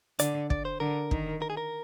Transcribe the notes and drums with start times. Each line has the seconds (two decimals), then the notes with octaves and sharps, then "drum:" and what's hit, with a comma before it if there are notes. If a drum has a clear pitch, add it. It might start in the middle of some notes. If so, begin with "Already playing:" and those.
0.19 D3 D5, drum: hi-hat
0.50 D5, drum: kick
0.65 C5
0.80 D3 A#4
1.11 D#3, drum: kick
1.42 A#4
1.50 G#4
1.57 A#4